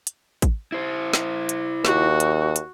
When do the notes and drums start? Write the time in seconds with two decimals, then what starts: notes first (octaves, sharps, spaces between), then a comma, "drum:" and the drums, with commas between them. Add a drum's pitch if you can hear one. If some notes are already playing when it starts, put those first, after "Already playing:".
0.07 drum: hi-hat
0.42 drum: kick, hi-hat
0.72 E4 C5
1.13 drum: snare
1.49 drum: hi-hat
1.85 D#2 F#4, drum: snare
2.20 drum: hi-hat
2.56 drum: hi-hat